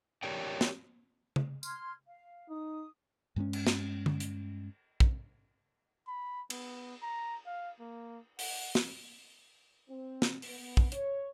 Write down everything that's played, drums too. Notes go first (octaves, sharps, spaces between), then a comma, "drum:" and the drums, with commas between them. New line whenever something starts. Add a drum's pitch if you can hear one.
G4 A#4 C#5 D5 G5
drum: snare
drum: tom C#3
C6 F6 G#6, drum: tambourine
F5
D#4 D#6
G2 G#3 B3 C#4
drum: cymbal
drum: snare
drum: tom D3
drum: hi-hat
drum: kick
B5
B3, drum: cymbal
A#5
F5
A#3
F#5, drum: open hi-hat
drum: snare
C4
drum: snare
B3, drum: open hi-hat
drum: kick
C#5, drum: hi-hat